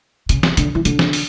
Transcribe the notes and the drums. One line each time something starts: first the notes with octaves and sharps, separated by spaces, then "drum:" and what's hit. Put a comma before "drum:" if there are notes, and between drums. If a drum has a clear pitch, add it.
C#3, drum: hi-hat
drum: snare
D3, drum: hi-hat
E3
D3, drum: hi-hat
drum: snare
drum: open hi-hat